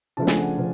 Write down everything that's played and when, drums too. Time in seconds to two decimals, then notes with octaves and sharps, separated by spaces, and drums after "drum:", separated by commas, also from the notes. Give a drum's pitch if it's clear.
0.17 C#3 F3 A3 D4 A5
0.27 G#5, drum: snare
0.38 F#5
0.57 C#3 F3